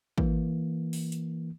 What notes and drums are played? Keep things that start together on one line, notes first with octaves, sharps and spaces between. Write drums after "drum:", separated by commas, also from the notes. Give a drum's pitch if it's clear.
E3 A#3, drum: kick
drum: open hi-hat
drum: hi-hat